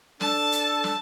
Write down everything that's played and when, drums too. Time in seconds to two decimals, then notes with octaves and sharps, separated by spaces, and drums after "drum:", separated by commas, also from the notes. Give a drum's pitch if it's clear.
0.21 D4 A4 A5, drum: snare
0.52 drum: hi-hat
0.84 drum: snare